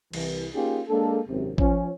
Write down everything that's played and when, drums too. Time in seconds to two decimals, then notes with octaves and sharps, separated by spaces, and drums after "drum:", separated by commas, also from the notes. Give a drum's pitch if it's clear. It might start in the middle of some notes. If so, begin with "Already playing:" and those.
0.13 C2 E3, drum: cymbal
0.54 A#3 C#4 D#4 F4 G4 G#4
0.88 G#3 A#3 D4 A4
1.28 G#1 F#2 C3
1.58 F3 C#4, drum: kick A1